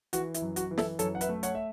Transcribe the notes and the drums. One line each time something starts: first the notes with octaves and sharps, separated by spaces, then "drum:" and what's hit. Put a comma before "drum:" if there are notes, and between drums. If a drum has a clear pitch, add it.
E3 F#4, drum: hi-hat
E4, drum: hi-hat
F#2
F#4, drum: hi-hat
E3
E4 A4, drum: snare
F#2 A4 C#5, drum: hi-hat
F#5
B4 E5, drum: hi-hat
A3
C#5 F#5, drum: hi-hat
E5